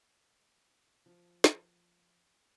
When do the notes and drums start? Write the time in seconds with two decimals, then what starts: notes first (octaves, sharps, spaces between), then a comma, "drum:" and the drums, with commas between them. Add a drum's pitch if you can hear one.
1.06 F3
1.44 drum: snare